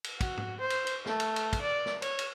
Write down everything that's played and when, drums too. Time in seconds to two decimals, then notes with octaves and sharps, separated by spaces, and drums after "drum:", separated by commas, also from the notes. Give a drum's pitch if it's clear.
0.04 drum: cymbal
0.21 F#4, drum: kick, cymbal
0.37 drum: tom G#2
0.61 C5
0.70 drum: cymbal
0.87 drum: cymbal
1.06 A3, drum: snare
1.20 drum: cymbal
1.36 drum: cymbal
1.53 drum: kick, cymbal
1.62 D5
1.86 drum: snare
2.02 C#5, drum: cymbal
2.19 drum: cymbal